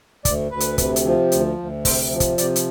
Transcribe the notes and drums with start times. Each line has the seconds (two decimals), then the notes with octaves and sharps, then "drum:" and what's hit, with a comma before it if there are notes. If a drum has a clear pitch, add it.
0.25 D2 D5, drum: kick, hi-hat
0.51 D2 B4
0.60 drum: hi-hat
0.78 C3, drum: kick, hi-hat
0.96 drum: hi-hat
1.05 F3
1.32 D2, drum: hi-hat
1.58 D2
1.85 C3 C5, drum: kick, open hi-hat
2.11 F3
2.20 drum: kick, hi-hat
2.38 C3 D5, drum: hi-hat
2.56 drum: hi-hat